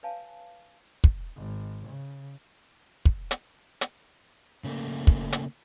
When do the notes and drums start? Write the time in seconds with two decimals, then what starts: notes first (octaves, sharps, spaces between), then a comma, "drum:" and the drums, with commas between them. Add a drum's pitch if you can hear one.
0.03 B4 C#5 F5 G#5 A5
1.04 drum: kick
1.36 G#1
1.88 C#3
3.06 drum: kick
3.31 drum: hi-hat
3.81 drum: hi-hat
4.64 C#3 A3 A#3
5.07 drum: kick
5.32 drum: hi-hat